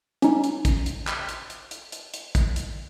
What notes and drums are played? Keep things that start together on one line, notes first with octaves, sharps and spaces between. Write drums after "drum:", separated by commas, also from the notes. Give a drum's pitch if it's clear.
C#4 D#4, drum: hi-hat
drum: hi-hat
drum: kick, hi-hat
drum: hi-hat
drum: clap
drum: hi-hat
drum: hi-hat
drum: hi-hat
drum: hi-hat
drum: hi-hat
drum: kick, hi-hat
drum: hi-hat